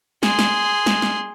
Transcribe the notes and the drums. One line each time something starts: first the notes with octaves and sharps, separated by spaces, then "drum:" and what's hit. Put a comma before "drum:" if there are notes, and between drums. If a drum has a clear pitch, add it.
G#4 C6, drum: snare
drum: snare
drum: snare
drum: snare